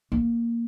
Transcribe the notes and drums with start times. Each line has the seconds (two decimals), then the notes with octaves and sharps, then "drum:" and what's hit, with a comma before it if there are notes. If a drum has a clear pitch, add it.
0.12 A#3, drum: kick